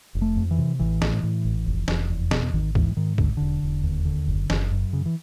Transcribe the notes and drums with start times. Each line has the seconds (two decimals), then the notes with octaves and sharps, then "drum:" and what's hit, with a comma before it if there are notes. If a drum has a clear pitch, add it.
0.15 F1
0.22 A3
0.36 F2
0.51 E3
0.58 C3
0.79 A1 E3
1.02 A2, drum: snare
1.23 A2
1.45 A1
1.66 F1
1.88 F1, drum: snare
2.10 E2
2.31 B2, drum: snare
2.53 G#1 D#3
2.75 G#2 E3, drum: kick
2.97 G#2 D#3
3.18 G#1 D3, drum: kick
3.37 E1 D3
3.63 E1
3.83 D#2
4.05 D3
4.27 F#1
4.50 F#1, drum: snare
4.71 F#2
4.93 C#3
5.06 E3